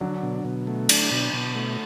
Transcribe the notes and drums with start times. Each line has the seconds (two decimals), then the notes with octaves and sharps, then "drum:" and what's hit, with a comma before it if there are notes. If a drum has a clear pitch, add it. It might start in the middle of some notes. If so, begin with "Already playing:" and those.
0.01 D3 F#3 D4
0.23 B2
0.45 B2
0.67 A3
0.89 D4, drum: cymbal
1.11 B2
1.33 B2
1.55 A3